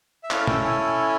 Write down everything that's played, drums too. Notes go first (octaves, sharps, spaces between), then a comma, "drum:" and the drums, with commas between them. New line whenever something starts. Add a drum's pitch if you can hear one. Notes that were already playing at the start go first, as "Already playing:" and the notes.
E5
C#4 E4 A4 F5, drum: clap
G5, drum: tom
G#5